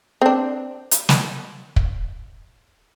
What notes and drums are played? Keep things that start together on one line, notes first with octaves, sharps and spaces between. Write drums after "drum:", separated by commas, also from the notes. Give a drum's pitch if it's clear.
C4 D4
drum: hi-hat
drum: snare
drum: kick